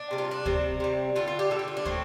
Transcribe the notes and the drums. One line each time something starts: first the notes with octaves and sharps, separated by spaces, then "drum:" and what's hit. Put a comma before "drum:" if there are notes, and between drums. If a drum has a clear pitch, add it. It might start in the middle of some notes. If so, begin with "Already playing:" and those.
Already playing: D4
C3 G3
F4
D4
C3 G3 C4, drum: kick
C3 G3
D3 G3 F4
F4
G4
D3 G3 A4
G4
F4
D4
A2 A3 C4, drum: kick